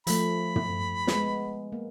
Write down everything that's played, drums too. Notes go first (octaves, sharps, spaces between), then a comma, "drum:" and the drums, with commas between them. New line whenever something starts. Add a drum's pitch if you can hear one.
F3 A3 B5, drum: hi-hat
drum: tom
G#3 B3, drum: snare
A#3